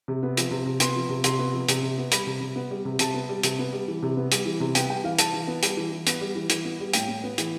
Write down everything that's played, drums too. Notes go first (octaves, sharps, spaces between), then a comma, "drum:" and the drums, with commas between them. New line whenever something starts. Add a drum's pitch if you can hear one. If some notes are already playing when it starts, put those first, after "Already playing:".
C3
B3
F3, drum: hi-hat
C3
C3
B3 C6, drum: hi-hat
F3
C3
C3 C6, drum: hi-hat
B3
F3
C3, drum: hi-hat
C3
B3
G3 B5, drum: hi-hat
C3
C3
B3
G3
C3
C3 A5, drum: hi-hat
B3
G3
C3, drum: hi-hat
B3
G3
E3
C3
B3
G3, drum: hi-hat
E3
C3
B3 G5, drum: hi-hat
G3 G5
E3 F5
E3 A5, drum: hi-hat
E3
B3
G3, drum: hi-hat
E3
E3
B3, drum: hi-hat
G3
E3
E3, drum: hi-hat
B3
G3
A2 G5, drum: hi-hat
A2
B3
E3, drum: hi-hat